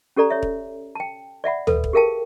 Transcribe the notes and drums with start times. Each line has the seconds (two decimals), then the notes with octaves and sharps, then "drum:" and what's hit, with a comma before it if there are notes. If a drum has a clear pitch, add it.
0.16 C#4 G4 A4 D5 A#5
0.30 C#5 E5
0.42 drum: kick
0.95 G5 A5
1.44 D5 E5 F#5 B5
1.67 A4 B4, drum: tom
1.84 drum: kick
1.93 G4 G#4 A#4 F5 G5 A5